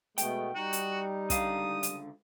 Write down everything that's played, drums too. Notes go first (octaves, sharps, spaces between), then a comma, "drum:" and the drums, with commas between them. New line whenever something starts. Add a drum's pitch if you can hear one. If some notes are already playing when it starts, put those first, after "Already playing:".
B2 G#3 A3 B3 G5, drum: hi-hat
G3 D#4 F#4
drum: hi-hat
C#2 D3 F5 D#6, drum: kick, hi-hat
drum: hi-hat